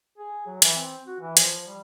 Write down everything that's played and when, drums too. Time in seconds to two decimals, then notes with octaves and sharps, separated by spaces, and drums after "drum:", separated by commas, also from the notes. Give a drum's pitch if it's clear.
0.18 G#4
0.47 F#3
0.62 E3, drum: hi-hat
0.76 C4
1.07 F#4
1.20 E3
1.37 F3, drum: hi-hat
1.51 F3
1.67 G3